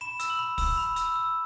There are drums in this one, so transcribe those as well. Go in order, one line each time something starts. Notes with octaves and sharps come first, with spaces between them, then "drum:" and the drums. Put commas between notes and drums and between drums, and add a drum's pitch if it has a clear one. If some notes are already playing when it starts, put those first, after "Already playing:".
B5 E7
E6, drum: hi-hat
F#7
B5
E6, drum: kick, open hi-hat
B5
E6, drum: hi-hat
E6